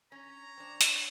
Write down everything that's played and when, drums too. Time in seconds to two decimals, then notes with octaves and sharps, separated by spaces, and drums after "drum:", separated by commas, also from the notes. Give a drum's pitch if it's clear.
0.12 C#4 C#5 A#5
0.58 C4 D4
0.81 drum: hi-hat